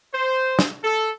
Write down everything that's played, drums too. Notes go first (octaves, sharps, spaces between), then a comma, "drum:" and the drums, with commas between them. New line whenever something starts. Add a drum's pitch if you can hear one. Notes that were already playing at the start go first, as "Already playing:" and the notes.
C5
drum: snare
A4